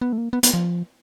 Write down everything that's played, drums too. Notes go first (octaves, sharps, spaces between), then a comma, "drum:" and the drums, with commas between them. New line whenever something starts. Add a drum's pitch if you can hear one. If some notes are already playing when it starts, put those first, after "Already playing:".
B3
A3
A#3
B3
B3, drum: hi-hat
F3